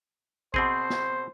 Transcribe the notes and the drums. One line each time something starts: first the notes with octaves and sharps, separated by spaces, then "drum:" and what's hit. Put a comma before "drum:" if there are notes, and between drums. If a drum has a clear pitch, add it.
B2 C4 G#4 C5, drum: kick A1
drum: snare